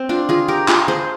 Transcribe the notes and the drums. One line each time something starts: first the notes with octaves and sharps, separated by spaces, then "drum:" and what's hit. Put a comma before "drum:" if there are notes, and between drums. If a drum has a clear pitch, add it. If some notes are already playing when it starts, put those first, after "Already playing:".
Already playing: C4
D4 F4
F4 G#4
G4 A#4
F4 G#4, drum: clap
G#4 C5